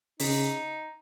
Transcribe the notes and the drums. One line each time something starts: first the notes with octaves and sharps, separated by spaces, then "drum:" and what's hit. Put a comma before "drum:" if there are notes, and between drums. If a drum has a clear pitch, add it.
C#3 D#4, drum: open hi-hat